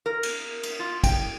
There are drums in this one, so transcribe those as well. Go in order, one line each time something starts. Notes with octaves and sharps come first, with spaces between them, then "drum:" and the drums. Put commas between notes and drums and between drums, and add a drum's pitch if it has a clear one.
A#4
drum: cymbal
drum: cymbal
F4
G5, drum: kick, cymbal